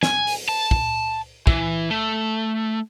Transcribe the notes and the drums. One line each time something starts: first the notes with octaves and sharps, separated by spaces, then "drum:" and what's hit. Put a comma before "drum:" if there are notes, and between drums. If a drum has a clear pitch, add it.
G#5, drum: snare
drum: open hi-hat
A5
drum: kick
E3, drum: kick
A3